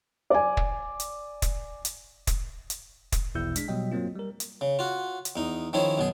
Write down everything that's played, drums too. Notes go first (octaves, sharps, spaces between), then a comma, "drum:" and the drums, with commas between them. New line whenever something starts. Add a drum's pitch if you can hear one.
D5 G#5
drum: kick
drum: hi-hat
drum: kick, hi-hat
drum: hi-hat
drum: kick, hi-hat
drum: hi-hat
drum: kick, hi-hat
A#1 E2 B2 E4 E6 G6
G#3 D4 B6, drum: hi-hat
B2 F#3 G3 D#5 G5
G2 F#3 A#3 C4 F4
G3 A#4
drum: hi-hat
C#3
F4 F#4
drum: hi-hat
E2 D#4
D#3 F3 C#4 E4 G#4
F#2 B2 G#4